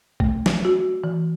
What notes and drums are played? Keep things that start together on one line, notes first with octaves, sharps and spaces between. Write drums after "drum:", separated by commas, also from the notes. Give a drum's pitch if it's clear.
A3, drum: kick
drum: snare
F#4
E3